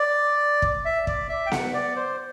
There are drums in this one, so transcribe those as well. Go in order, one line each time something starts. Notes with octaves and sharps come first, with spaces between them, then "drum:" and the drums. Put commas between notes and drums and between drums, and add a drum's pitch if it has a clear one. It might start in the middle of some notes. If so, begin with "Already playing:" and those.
Already playing: D5
drum: kick
E5
D5, drum: kick
E5
G5
F#5, drum: snare B3
D5
C5